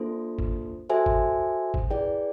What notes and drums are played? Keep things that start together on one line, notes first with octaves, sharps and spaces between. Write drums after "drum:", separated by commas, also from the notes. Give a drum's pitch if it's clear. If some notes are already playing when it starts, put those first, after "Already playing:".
Already playing: A#3 D4 F4 A4 C5
drum: kick
F#4 A4 C5 E5 G#5
drum: kick
drum: kick
E4 G#4 B4 D5 G5